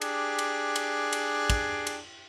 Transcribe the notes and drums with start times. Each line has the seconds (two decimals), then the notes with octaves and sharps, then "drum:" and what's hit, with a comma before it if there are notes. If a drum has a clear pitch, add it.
0.02 D4 G4 G#4, drum: cymbal
0.39 drum: cymbal
0.76 drum: cymbal
1.13 drum: cymbal
1.50 drum: kick, cymbal
1.87 drum: cymbal